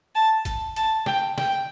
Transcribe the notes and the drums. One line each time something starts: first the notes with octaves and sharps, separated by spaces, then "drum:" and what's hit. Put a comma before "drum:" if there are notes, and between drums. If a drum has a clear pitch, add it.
A5
drum: kick G#1, hi-hat
A5, drum: hi-hat
G5, drum: snare
G5, drum: snare